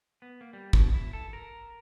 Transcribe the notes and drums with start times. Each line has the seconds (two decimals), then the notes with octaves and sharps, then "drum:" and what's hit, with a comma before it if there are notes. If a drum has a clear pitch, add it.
0.22 B3
0.41 A#3
0.53 G3
0.73 B2, drum: kick
0.94 E4
1.13 A4
1.33 A#4